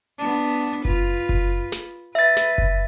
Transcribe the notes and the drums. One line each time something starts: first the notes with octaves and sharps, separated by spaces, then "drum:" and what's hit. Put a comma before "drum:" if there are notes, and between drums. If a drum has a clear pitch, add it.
B3 D4
F4 B4, drum: kick F#1
drum: kick F#1
drum: snare
B4 E5 A6
drum: snare
drum: kick F#1